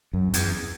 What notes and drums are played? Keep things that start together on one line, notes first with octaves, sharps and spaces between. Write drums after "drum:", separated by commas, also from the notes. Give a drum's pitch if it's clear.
F#2
E2, drum: hi-hat